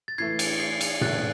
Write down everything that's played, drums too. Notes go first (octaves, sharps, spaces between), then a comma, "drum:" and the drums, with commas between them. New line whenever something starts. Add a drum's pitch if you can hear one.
A6
A2 E3 A3 G#6 C7
drum: cymbal
G#6 C7
drum: cymbal
A2 E3 A3 F#6 A6, drum: tom A2